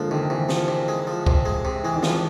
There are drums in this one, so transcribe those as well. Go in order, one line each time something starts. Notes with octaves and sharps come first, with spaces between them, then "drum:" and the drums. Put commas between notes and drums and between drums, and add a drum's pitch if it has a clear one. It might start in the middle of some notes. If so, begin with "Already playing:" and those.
Already playing: D3 F3 G#3 A#3
C3 D#3
C3 E3
F3, drum: snare
C3
G#3
F3
C3, drum: kick C2
G#3
C3
E3 G#3
D#3
E3 F3, drum: snare